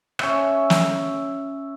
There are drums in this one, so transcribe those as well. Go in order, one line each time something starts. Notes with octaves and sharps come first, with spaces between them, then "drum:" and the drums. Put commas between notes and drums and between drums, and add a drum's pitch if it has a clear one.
C#4 E5, drum: rim click
drum: snare